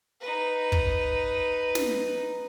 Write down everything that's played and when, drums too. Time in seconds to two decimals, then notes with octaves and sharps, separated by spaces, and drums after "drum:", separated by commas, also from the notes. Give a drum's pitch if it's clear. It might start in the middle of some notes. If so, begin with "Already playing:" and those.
0.20 D#4 B4
0.72 drum: kick
1.75 drum: snare